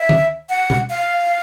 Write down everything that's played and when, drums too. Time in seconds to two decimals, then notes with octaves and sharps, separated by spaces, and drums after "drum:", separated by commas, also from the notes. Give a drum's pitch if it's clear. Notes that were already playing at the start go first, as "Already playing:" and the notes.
Already playing: E5
0.09 drum: tom
0.49 F#5
0.70 drum: tom
0.90 F5